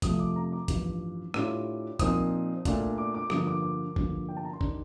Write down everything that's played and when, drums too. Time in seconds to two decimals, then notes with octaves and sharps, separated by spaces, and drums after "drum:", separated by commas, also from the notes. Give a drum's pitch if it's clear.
0.02 F2 C3 F3 A3 D#6, drum: kick, hi-hat
0.19 D6
0.36 A#5
0.52 D6
0.68 A1 G2 F3, drum: kick, hi-hat
1.34 A2 G3 D4 F4 D6, drum: rim click
1.99 A#2 F3 C4 D#4 D#6, drum: kick, hi-hat
2.65 A#2 A3 D4 F4, drum: kick, hi-hat
2.98 D6
3.14 D6
3.30 G2 D3 F3 A#3 D#6, drum: rim click
3.47 D6
3.62 D6
3.96 G2 D3 F3 A#3, drum: kick
4.29 G5
4.37 A5
4.45 A#5
4.53 C6
4.61 D#3 G3 D4, drum: kick